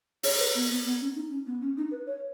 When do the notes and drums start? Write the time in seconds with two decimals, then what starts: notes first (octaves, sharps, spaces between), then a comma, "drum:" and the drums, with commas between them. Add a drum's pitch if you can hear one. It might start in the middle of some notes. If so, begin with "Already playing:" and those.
0.23 C#5, drum: open hi-hat
0.39 B4
0.54 B3
0.70 B3
0.84 B3
1.01 C#4
1.15 D#4
1.30 C#4
1.46 B3
1.61 C#4
1.77 D#4
1.91 B4
2.06 C#5